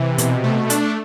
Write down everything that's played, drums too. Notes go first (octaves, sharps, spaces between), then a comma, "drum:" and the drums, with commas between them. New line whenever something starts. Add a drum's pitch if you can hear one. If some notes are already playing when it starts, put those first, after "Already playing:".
Already playing: C3 E3
B2, drum: hi-hat
A3
D4, drum: hi-hat